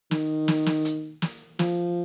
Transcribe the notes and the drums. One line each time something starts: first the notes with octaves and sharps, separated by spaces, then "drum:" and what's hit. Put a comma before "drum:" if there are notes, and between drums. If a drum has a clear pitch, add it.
D#3, drum: snare
drum: snare
drum: snare
drum: hi-hat
drum: snare
F3, drum: snare